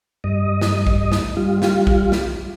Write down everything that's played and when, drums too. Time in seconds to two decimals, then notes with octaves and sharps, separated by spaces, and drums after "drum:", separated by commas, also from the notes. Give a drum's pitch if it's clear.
0.24 G2 D#5
0.61 drum: snare
0.87 drum: kick
1.12 drum: snare
1.37 G3 F4
1.62 drum: snare
1.87 drum: kick
2.12 drum: snare